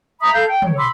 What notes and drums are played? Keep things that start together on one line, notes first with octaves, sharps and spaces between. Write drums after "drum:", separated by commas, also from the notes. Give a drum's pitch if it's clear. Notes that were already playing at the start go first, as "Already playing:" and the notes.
E5 A#5 B5 D#6
A4 F5 G6
G5
C#5, drum: tom
B5 C6 D6 E6